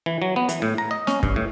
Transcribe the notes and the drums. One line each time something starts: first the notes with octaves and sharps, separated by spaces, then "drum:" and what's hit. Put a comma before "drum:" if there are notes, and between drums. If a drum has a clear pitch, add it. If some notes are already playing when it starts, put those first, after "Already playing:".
E3
F#3
B3
E3, drum: hi-hat
A2
A#5
D#5
C#4, drum: snare
G2, drum: kick
A2